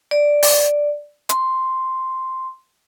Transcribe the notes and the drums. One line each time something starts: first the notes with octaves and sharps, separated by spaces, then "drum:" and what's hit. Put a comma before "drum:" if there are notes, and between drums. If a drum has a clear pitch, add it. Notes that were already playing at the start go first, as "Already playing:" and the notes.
D5
drum: open hi-hat
C6, drum: hi-hat